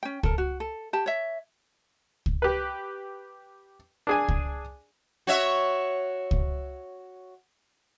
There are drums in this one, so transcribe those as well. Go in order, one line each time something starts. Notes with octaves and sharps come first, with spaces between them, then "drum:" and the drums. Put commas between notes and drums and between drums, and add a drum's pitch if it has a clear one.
C#4 G5
A4 A#4, drum: kick C#2
F#4
A4
G4 A5
C#5 E5
drum: kick C#2
G4 B4
D4 G#4 G#5
drum: kick C#2
F#4 C#5 E5
drum: kick C#2